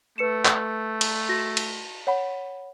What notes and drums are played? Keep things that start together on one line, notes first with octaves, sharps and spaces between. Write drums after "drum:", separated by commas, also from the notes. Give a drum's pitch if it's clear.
A3 B4 C#7 E7
drum: clap
drum: cymbal
F#4 A#6
drum: cymbal
C#5 F#5 B5